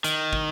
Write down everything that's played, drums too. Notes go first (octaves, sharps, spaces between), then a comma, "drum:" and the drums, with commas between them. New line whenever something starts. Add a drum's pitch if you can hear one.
D#3, drum: hi-hat
drum: kick